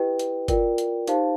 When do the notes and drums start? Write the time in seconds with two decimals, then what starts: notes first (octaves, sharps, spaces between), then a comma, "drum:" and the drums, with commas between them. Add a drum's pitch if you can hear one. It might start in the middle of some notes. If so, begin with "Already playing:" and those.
Already playing: E4 G4 B4 D#5 G5
0.19 drum: hi-hat
0.48 F4 A#4 D5 G5, drum: kick F#1, hi-hat
0.78 drum: hi-hat
1.07 D#4 G4 C5 F5 A5, drum: hi-hat